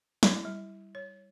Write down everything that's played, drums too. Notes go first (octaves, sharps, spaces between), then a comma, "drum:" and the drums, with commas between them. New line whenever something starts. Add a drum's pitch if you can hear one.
E4, drum: snare
G3
C#5